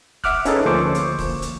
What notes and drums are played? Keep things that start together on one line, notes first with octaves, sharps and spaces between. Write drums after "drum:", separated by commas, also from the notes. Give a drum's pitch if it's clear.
E5 F#5 D6 F6 F#6, drum: kick, open hi-hat
C#4 D#4 G#4 A4 B4, drum: hi-hat
D2 F3 A#3 C5 C#6 D6
drum: hi-hat
drum: kick, open hi-hat
drum: hi-hat